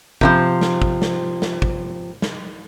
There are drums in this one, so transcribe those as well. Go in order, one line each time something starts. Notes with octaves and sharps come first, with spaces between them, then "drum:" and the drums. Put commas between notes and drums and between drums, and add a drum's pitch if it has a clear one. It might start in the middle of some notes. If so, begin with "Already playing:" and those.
C3 E3 F3, drum: kick
drum: snare
drum: kick
drum: snare
drum: snare
drum: kick
drum: snare